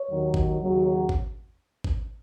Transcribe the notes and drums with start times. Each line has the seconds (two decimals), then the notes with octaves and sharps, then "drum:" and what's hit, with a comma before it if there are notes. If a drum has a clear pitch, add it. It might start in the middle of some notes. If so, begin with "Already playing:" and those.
Already playing: C#5
0.09 D#2 D#3 F#3
0.34 drum: kick G#1
0.59 D#2 C#3 F#3
1.09 drum: kick G#1
1.84 drum: kick G#1